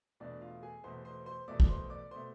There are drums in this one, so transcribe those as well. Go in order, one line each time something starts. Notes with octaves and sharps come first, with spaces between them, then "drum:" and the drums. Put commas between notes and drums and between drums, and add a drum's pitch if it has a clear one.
E2 B2 A3 D4 D5
F4 F5
G#4 G#5
E2 B2 A3 C5 C6
C5 C6
C5 C6
E2 B2 A3 D5 D6
drum: kick
C5 C6
D5 D6
B2 A3 C5 C6